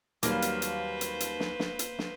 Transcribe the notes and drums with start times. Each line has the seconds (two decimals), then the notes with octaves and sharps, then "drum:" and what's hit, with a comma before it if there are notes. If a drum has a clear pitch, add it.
0.23 D#2 F#3 G3 A#3 B4 C5 F5, drum: hi-hat
0.42 drum: hi-hat
0.62 drum: hi-hat
1.01 drum: hi-hat
1.20 drum: hi-hat
1.40 drum: snare
1.60 drum: snare
1.79 drum: hi-hat
1.99 drum: snare